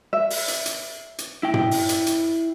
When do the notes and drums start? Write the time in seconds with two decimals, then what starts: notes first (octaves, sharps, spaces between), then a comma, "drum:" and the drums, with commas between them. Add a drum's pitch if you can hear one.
0.13 E5
0.30 drum: open hi-hat
0.48 drum: hi-hat
0.66 drum: hi-hat
1.18 drum: hi-hat
1.43 E4 G5
1.54 drum: tom
1.71 drum: open hi-hat
1.89 drum: hi-hat
2.07 drum: hi-hat